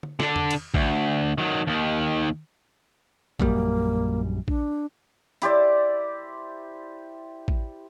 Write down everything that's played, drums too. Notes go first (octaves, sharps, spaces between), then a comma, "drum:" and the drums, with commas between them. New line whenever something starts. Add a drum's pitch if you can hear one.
drum: tom
D3 D4, drum: snare
drum: tom E2
drum: cymbal
D2, drum: kick A1
D#3 F#3
D#2 D#3
A#1 F#2 G3 A#3, drum: kick A1
D4, drum: kick A1
E4 G4 C5 D5, drum: hi-hat
drum: kick A1